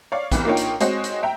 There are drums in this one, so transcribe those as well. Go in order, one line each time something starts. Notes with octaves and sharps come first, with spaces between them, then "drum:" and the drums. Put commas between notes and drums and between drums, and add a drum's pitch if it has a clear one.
C#5 D5 F5
C2 E3 B3, drum: kick, hi-hat
A#3 D4 D#4 F4 C#5 G5
drum: hi-hat
G#3 C4 F#4 C5 C#5 D#5, drum: hi-hat
drum: hi-hat
E5 G5 A#5